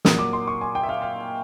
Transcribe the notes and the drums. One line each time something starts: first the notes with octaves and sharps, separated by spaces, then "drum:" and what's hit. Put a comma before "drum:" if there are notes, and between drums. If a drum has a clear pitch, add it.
A#2 F#3 A#3 D#6, drum: snare
D6
C6
C#6
G#5
G5
E5
F5
F5